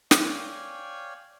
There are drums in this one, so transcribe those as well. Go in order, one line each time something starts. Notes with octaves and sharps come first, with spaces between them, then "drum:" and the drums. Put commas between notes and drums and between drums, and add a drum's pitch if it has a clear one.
C#5 D5 F5 G5 G#5, drum: snare